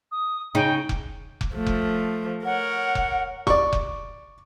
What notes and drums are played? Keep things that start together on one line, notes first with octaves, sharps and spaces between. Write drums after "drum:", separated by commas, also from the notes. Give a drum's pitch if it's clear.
D#6
C#3 D#4 G5
drum: kick F1
drum: kick F1
F3 A3
drum: kick F1
A#4 C#5 F#5
drum: kick F1
D5 C#6, drum: kick F1
drum: kick F1